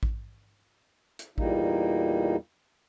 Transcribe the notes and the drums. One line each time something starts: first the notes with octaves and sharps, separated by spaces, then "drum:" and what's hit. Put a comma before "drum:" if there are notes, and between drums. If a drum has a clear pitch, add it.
drum: kick A1
drum: hi-hat
E2 A#2 G3 A#3 D#4, drum: kick A1